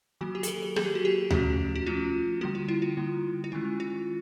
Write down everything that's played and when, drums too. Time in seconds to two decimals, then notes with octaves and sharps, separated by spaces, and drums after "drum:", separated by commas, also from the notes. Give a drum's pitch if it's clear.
0.21 D#3 F#3 A#3 F#4
0.35 G4
0.43 G#4, drum: hi-hat
0.48 A4
0.62 G#4
0.76 D#3 F#3 A#3 G#4, drum: rim click
0.85 G4
0.95 F#4
1.05 G4
1.31 F3 A3 C#4 F#4, drum: tom D2
1.76 F#4
1.86 F3 A3 C#4 F4
2.41 D3 G3 A#3 F#4
2.55 F4
2.69 E4
2.82 F4
2.97 D3 G3 A#3
3.44 F4
3.52 D#3 G#3 C#4 E4
3.80 F4